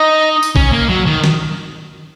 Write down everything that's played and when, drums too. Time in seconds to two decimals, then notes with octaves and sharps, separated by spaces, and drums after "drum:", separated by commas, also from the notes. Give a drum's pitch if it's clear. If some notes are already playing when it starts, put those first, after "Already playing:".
Already playing: D#4 D#5
0.43 drum: tambourine
0.56 C#4, drum: kick A#1
0.72 A#3
0.89 F#3
1.07 D#3
1.24 drum: snare